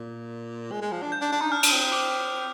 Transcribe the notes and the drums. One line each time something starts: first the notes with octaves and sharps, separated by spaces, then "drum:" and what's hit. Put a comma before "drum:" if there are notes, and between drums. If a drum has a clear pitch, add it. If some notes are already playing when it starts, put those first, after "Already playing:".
Already playing: A#2
G#3
G#3
F3
D4
G6
D4
D4
D#4
D4 F6
D4, drum: cymbal
C4
D6